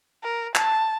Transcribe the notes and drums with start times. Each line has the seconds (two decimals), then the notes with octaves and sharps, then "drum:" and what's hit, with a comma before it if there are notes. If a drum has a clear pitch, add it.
0.23 A#4
0.55 A5, drum: clap